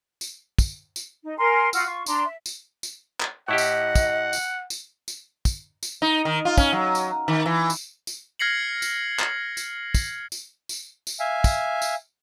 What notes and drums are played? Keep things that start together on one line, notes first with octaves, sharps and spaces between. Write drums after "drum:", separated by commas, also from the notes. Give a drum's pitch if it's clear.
drum: tambourine
drum: kick, tambourine
drum: tambourine
D#4
A#4 G#5 A#5 C6
F4 F#4 E6 F6, drum: tambourine
F4 C#6
D4 A#5 C6, drum: tambourine
E5
drum: tambourine
drum: tambourine
drum: clap
A2 E4 G4 D#5 F#5
drum: tambourine
drum: kick, tambourine
drum: tambourine
drum: tambourine
drum: tambourine
drum: kick, tambourine
drum: tambourine
D#4
D#3
F4
C#4, drum: kick, tambourine
F#3
drum: tambourine
D#3
E3
drum: tambourine
drum: tambourine
F6 G#6 A#6 C7 C#7 F#7
drum: tambourine
drum: clap
drum: tambourine
drum: kick, tambourine
drum: tambourine
drum: tambourine
drum: tambourine
E5 F5 G#5
drum: kick, tambourine
drum: tambourine